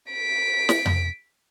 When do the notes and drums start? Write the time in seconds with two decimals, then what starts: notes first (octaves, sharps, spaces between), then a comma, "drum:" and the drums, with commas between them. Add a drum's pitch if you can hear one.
0.12 B6 D7
0.69 drum: snare
0.86 drum: tom F2